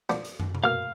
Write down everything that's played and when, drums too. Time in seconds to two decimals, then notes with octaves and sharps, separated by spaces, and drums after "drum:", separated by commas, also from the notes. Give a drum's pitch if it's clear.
0.10 F3 B3 D4, drum: rim click
0.25 drum: hi-hat
0.40 drum: tom
0.55 drum: tom
0.64 B2 A#3 F5 F6